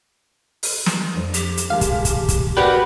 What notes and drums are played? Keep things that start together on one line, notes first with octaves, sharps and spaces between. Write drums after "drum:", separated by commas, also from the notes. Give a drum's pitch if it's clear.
drum: open hi-hat
drum: snare
F2 D4
G4, drum: hi-hat
drum: hi-hat
D#2 G#3 F5 A5
drum: kick, hi-hat
drum: kick, hi-hat
drum: kick, hi-hat
G#2 F#4 G4 A#4 B4 D5 G5